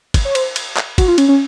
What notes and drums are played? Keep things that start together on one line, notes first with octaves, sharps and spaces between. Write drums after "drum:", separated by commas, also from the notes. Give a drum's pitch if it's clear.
drum: kick, cymbal
C#5
C5, drum: cymbal
drum: cymbal
drum: clap
F#4, drum: kick, cymbal
F4
C#4, drum: cymbal
C#4